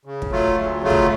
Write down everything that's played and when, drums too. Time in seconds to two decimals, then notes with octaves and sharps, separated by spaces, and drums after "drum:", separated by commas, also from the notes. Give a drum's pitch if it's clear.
0.05 C#3
0.22 drum: kick
0.31 F#3 A3 F4
0.56 D2
0.81 C#3 F#3 A3 F4
0.90 drum: kick